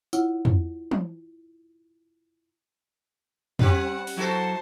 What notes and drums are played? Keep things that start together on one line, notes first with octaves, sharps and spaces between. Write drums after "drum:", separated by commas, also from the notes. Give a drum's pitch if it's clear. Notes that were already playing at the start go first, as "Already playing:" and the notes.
E4 F4 C#5 F#5, drum: tambourine
drum: tom
drum: tom
G3 C4 C#4 G4 B4 F#5, drum: tom
drum: open hi-hat
F#3 E4 F#4 A4 C5 A5